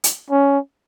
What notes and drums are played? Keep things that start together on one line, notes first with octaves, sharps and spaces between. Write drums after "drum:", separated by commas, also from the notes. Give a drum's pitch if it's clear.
drum: hi-hat
C#4